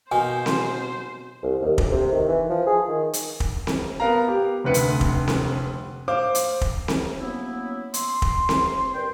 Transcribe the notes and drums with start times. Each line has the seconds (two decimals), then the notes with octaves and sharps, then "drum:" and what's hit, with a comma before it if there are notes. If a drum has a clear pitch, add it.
0.11 B2 A#3 D#4 C5 G#5
0.46 drum: snare C4
1.43 C2
1.61 D#2
1.78 D2, drum: kick
1.91 C3
2.12 D#3
2.28 E3
2.50 F3
2.67 G#4
2.88 D#3
3.13 drum: hi-hat
3.40 drum: kick
3.67 drum: snare C4
4.00 B3 A#4 F5 A#5
4.28 G4
4.64 F1 D2 B4 C#7
4.74 drum: hi-hat
5.01 drum: kick
5.28 drum: snare C4
6.08 C5 F5 D6
6.35 drum: hi-hat
6.61 drum: kick
6.88 drum: snare C4
7.19 F#3 A#3 B3 C#4 E4
7.94 C6, drum: hi-hat
8.22 drum: kick
8.49 drum: snare C4
8.93 G2 A#4 B4 D5 G5